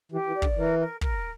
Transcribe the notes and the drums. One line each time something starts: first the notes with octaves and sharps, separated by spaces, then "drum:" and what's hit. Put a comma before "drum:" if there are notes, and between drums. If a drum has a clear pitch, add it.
E3 G4
E3
D5
D3, drum: kick
E3 A#4
A#4
A#4, drum: kick